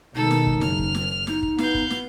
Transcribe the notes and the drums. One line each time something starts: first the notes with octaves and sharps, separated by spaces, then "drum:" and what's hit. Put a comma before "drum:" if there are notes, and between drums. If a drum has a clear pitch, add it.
B2 D#3 G#3 D#4 A4 E6
drum: snare
drum: kick
F#1 F6, drum: snare
drum: kick
drum: snare
D#4, drum: snare
drum: kick
B3 F5 G6, drum: snare
drum: kick
drum: snare